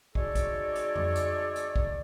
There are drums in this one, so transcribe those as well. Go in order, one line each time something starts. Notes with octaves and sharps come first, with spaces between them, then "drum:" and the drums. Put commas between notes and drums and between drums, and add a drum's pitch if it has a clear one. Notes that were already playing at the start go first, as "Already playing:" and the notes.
G#3 D#4 F#4 A4 C#5 D5, drum: kick
drum: kick, hi-hat
drum: hi-hat
drum: tom F2
drum: hi-hat
drum: hi-hat
drum: kick